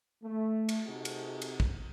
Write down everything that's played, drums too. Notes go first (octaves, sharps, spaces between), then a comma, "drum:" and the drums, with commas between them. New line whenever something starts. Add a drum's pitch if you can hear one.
A3
drum: cymbal
C3 C4 D#4 F#4 G#4 A4
drum: cymbal
drum: cymbal
drum: kick